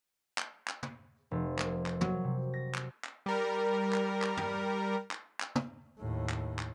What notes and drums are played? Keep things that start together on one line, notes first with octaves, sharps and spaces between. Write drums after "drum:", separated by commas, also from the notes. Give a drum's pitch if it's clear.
drum: clap
drum: clap
drum: tom
F1
A#3, drum: clap
drum: clap
F#3, drum: tom
C3
A#6
drum: clap
drum: clap
G3 A#4
drum: clap
drum: clap
drum: tom
drum: clap
drum: clap
drum: tom
D#2 A2
drum: clap
drum: clap